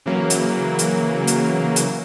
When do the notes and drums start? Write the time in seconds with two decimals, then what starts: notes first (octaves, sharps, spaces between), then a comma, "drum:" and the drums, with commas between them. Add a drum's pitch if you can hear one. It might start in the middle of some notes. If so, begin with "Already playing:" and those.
0.06 C#3 E3 F#3 A#3
0.30 drum: hi-hat
0.79 drum: hi-hat
1.27 drum: hi-hat
1.76 drum: hi-hat